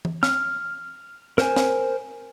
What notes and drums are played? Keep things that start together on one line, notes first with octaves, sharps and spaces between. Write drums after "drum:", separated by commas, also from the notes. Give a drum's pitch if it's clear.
drum: tom E3
F6, drum: snare
A#4 C5 G#5, drum: snare
drum: snare